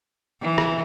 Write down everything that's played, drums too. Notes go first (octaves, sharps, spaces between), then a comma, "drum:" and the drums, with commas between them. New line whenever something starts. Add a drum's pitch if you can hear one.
E3
drum: rim click